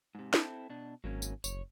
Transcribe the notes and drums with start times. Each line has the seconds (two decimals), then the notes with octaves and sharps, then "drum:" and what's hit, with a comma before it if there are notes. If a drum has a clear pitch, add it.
0.15 G#2 C3
0.34 C4 E4 A4, drum: snare
0.70 B2 D4
1.04 G#1 F#3 A#3 C#4
1.22 drum: tambourine
1.44 F#1 C#5, drum: tambourine